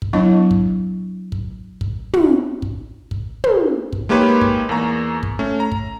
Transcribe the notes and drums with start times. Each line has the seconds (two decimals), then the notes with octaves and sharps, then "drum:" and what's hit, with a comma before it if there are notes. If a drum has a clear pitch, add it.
0.02 drum: kick
0.13 F#3 B3 D4 E4 D#5 C#6
0.51 drum: kick
1.32 drum: kick
1.81 drum: kick
2.13 drum: tom
2.62 drum: kick
3.11 drum: kick
3.44 drum: tom
3.93 drum: kick
4.09 G#3 A#3 D#4 G4 B4 C#5
4.41 drum: kick
4.69 E2 A#3 A#5 C#6
5.23 drum: kick
5.39 A3 C#4
5.60 A#5
5.72 drum: kick